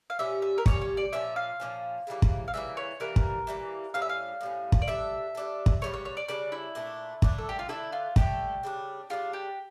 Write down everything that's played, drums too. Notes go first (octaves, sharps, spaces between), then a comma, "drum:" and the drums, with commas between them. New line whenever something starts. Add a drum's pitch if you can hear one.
F5
A#2 G3 C#4 G4 E5
E5
A#4
A#2 G3 C#4 G4 C#5, drum: kick
C#5
D5
A#2 F3 C#4 E5
F5
A#2 F3 C#4
C#3 E3 G3 A#3
drum: kick
F5
C#3 E3 G3 A#3 E5
C#5
E3 G3 A#3 A#4
drum: kick
E3 G3 A#3
A2 G3 C#4 F5
E5
F5
A2 G3 C#4
drum: kick
D5
G3 D4 A4 E5
G3 D4 A4
drum: kick
C#3 G3 D4 C#5
C#5
C#5
D5
C#3 G3 D4 D5
E4
A#2 A3 D4
A#2 A3 D4, drum: kick
A4
G4
F4
D3 A3 D4 E4 A4
F4
D3 A3 D4 G4 A4, drum: kick
C#3 G3 D4
C#3 G3 D4 F4
G4